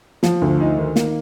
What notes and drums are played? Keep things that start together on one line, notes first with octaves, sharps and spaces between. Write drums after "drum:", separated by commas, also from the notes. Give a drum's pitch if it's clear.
F3, drum: snare
D2
D#4
D#3
A#3, drum: snare